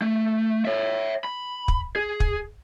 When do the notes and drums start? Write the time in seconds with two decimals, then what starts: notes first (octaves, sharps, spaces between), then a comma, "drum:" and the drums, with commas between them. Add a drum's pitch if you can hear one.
0.01 A3
0.65 C#5 E5
1.24 B5
1.68 drum: kick
1.96 G#4
2.20 drum: kick